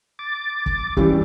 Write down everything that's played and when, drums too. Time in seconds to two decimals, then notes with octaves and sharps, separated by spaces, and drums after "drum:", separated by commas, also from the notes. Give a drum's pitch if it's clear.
0.19 D6 A6
0.66 drum: kick
0.97 G2 E3 C#4 G4, drum: kick